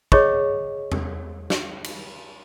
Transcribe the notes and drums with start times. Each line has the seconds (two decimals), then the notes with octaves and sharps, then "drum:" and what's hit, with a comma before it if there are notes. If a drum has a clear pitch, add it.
0.12 G#4 C#5 D#5 C#6, drum: kick
0.92 drum: tom E2
1.50 drum: snare
1.84 drum: cymbal